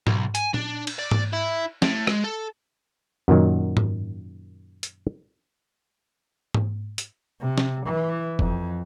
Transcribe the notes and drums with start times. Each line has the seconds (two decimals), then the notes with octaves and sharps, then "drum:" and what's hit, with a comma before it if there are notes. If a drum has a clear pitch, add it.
0.07 B1, drum: tom G#2
0.35 G#5, drum: hi-hat
0.54 D4, drum: tom A#2
0.87 drum: cymbal
0.99 D5
1.11 drum: tom G#2
1.33 E4
1.82 A2, drum: snare
2.07 G#3, drum: rim click
2.24 A4
3.28 F#2 A#2 D#3 F#3
3.77 drum: tom G#2
4.83 drum: hi-hat
6.54 drum: tom G#2
6.98 drum: hi-hat
7.40 C3
7.58 drum: snare
7.87 E3
8.39 F2, drum: kick